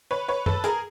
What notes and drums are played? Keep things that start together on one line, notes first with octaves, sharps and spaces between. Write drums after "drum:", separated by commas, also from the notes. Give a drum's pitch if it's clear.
B4 C#5
B4 C#5
A4 B4, drum: tom
G#4 A#4, drum: hi-hat